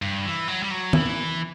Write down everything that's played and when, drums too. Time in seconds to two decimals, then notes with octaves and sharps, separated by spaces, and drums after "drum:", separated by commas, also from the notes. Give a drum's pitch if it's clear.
0.02 G2
0.25 E3
0.48 F#3
0.63 G3
0.71 F#3
0.93 E3, drum: tom D#3